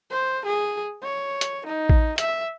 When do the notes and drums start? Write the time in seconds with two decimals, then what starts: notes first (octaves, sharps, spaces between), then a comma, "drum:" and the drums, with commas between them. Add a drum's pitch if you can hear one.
0.10 C5
0.45 G#4
1.03 C#5
1.41 drum: hi-hat
1.66 D#4
1.89 drum: kick A1
2.18 E5, drum: hi-hat